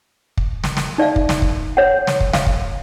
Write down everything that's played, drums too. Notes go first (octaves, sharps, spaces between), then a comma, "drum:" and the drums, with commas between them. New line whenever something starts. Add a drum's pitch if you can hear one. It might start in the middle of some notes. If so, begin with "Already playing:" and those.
drum: kick
drum: snare
drum: snare
D#4 D5 E5 F5
drum: kick
drum: snare
drum: kick
C#5 F#5
drum: snare
drum: kick
F5, drum: snare
drum: kick